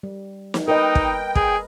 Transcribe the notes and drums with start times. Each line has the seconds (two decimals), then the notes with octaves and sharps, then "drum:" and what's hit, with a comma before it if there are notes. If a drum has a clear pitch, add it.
0.03 G3
0.54 drum: snare
0.68 D#4 A#4 B4 D#5 G5
0.95 drum: kick
1.35 G#4, drum: kick